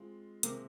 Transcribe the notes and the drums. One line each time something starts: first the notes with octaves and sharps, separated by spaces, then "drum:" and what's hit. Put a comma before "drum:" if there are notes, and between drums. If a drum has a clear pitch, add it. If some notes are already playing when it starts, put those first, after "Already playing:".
Already playing: G#3 C4 F4
C3 G#3 A#3 C4, drum: hi-hat